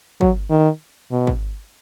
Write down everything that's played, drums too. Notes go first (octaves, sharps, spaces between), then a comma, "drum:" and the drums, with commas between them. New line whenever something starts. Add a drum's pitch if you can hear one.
F#3, drum: kick
D#3
B2
drum: kick